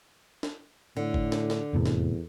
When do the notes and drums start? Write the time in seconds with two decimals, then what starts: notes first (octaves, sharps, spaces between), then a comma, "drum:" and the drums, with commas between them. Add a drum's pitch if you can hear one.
0.43 drum: snare
0.97 A2 D3
1.14 drum: kick G1
1.32 drum: snare
1.50 drum: snare
1.73 F1 E2 A2 C3
1.86 drum: snare